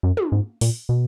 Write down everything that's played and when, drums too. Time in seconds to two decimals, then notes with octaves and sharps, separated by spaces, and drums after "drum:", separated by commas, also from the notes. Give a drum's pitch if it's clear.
0.03 F#2
0.17 drum: tom
0.32 G#2
0.61 A#2, drum: open hi-hat
0.89 B2